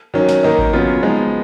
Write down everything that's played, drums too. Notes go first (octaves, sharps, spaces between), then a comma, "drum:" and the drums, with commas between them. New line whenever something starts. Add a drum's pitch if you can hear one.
D#3 F#3 C#4
drum: snare
D#3 A#3 D#4
drum: kick A1
C#3 F#3 B3 F4
F3 G#3 B3 D#4